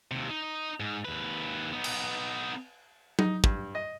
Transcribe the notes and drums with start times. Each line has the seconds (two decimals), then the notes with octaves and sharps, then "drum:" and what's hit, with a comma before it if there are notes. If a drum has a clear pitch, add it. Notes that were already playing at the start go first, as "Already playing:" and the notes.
0.11 D#2 C3
0.29 D#4
0.80 G#2
1.05 D#2 B4
1.73 B3 D#4
1.84 drum: cymbal
3.19 D#4, drum: tom F#3
3.44 G2, drum: kick
3.75 D#5